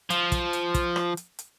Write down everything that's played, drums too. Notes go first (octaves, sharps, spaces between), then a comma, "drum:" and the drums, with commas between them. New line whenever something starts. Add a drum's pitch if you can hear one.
F3, drum: hi-hat
drum: kick, hi-hat
drum: hi-hat
drum: kick, hi-hat
drum: rim click
drum: hi-hat
drum: hi-hat